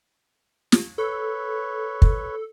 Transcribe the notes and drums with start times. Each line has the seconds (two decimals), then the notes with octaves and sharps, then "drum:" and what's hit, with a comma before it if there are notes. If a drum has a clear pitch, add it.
0.72 drum: snare
0.98 A4 B4 C#5
2.02 drum: kick